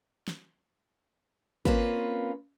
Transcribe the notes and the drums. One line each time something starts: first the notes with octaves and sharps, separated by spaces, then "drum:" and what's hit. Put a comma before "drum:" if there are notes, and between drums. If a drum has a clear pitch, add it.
drum: snare
A#3 C4 C#4 F4 B4, drum: kick